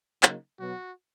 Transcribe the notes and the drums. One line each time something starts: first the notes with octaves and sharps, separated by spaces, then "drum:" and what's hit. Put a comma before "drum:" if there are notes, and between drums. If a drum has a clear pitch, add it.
C#3 F#3 A#3 D#4, drum: clap
B2 F#3 B3 F#4